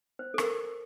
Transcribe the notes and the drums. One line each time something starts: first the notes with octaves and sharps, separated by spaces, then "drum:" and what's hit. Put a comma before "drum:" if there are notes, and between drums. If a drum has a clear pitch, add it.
C5
A4
A#4, drum: rim click